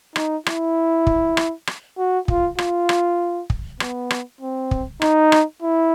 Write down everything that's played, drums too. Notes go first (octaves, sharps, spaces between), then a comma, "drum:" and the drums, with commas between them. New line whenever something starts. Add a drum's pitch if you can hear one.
D#4, drum: rim click
E4, drum: rim click
drum: kick
drum: rim click
drum: rim click
F#4
F4, drum: kick
F4, drum: rim click
drum: rim click
drum: kick
B3, drum: rim click
drum: rim click
C4
drum: kick
D#4, drum: rim click
drum: rim click
E4